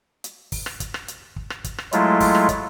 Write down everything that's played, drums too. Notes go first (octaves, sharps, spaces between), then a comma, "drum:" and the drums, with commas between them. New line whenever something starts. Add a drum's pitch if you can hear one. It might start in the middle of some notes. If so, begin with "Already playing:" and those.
drum: hi-hat
drum: kick, open hi-hat
drum: rim click
drum: kick, hi-hat
drum: rim click
drum: hi-hat
drum: kick
drum: rim click
drum: kick, hi-hat
drum: rim click
F#3 G#3 A3 E4 F4, drum: hi-hat
drum: kick, open hi-hat
drum: rim click
drum: kick, hi-hat